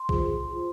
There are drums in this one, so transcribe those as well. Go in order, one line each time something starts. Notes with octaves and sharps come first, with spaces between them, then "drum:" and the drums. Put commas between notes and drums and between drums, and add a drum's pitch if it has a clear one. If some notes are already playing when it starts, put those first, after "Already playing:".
Already playing: C6
F4 G#4 C5, drum: kick
F4 C5